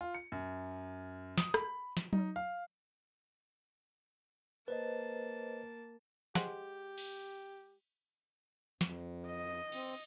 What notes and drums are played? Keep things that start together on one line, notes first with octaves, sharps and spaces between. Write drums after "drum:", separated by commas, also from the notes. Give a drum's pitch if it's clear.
F4
C#7
F#2
D#6, drum: snare
B5, drum: rim click
drum: snare
D#4, drum: tom F#3
F5
A#3 B4 C5 D#5 A5
G#3 G4 C5 F#5, drum: snare
drum: cymbal
F2, drum: snare
D#5
C4, drum: cymbal